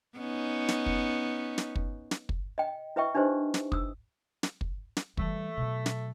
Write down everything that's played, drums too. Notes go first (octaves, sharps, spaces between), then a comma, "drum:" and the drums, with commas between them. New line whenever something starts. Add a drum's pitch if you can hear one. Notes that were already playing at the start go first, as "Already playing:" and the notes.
B3 C#4 D#4
drum: snare
drum: kick
drum: snare
drum: kick
drum: snare
drum: kick
D#5 G5
E4 B4 D#5 E5 G5 C#6
D4 D#4 G4 B4 C5 D#5
drum: snare
D#6 E6, drum: kick
drum: snare
drum: kick
drum: snare
E3 G3 A3, drum: kick
B2 F#3
drum: snare